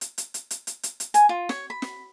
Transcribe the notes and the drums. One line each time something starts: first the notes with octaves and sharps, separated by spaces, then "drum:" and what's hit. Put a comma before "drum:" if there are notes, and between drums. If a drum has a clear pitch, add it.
drum: hi-hat
drum: hi-hat
drum: hi-hat
drum: hi-hat
drum: hi-hat
drum: hi-hat
drum: hi-hat
G#5, drum: hi-hat
F4
C#5, drum: snare
B5
drum: snare